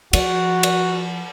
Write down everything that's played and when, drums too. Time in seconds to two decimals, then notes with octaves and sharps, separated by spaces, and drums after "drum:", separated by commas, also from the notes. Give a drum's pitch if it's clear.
0.13 F3 F#4, drum: cymbal
0.63 drum: cymbal